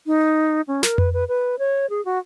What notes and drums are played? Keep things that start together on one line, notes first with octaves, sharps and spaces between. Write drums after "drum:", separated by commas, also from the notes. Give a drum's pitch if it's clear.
D#4
C#4
A#4, drum: snare
B4, drum: tom F2
B4
B4
C#5
G#4
F#4